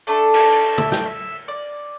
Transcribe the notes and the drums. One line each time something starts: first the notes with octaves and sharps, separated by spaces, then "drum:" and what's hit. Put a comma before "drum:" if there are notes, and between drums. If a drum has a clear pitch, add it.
A3 D4 A4 D5
drum: cymbal
E5, drum: tom
G5, drum: snare
E5
D5